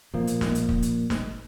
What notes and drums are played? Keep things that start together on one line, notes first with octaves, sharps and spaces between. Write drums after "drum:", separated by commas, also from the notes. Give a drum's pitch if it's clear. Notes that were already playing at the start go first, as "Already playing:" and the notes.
A#2 F3 A#3
drum: hi-hat
drum: snare
drum: hi-hat
drum: kick
drum: hi-hat
drum: snare